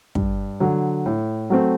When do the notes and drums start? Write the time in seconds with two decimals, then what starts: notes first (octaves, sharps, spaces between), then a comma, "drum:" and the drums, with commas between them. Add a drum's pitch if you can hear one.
0.15 G2, drum: kick
0.60 D3 F#3
1.06 A2
1.50 F#3 A3 C4